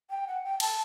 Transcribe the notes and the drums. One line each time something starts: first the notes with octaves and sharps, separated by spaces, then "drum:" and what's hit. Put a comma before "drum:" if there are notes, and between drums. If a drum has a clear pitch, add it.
G5
F#5
G5
A5, drum: cymbal